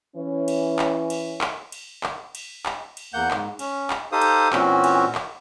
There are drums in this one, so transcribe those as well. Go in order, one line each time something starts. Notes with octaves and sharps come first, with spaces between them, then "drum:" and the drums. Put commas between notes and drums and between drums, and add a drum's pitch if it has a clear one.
E3 C#4
drum: cymbal
drum: clap
drum: cymbal
drum: clap
drum: cymbal
drum: clap
drum: cymbal
drum: clap
drum: cymbal
E2 A#3 F#5 G6
G#2, drum: clap
C#4, drum: cymbal
drum: clap
D#4 G4 A4 C5 F5 D#6
drum: cymbal
A#2 E3 C4 C#4 F#4, drum: clap
drum: cymbal
drum: clap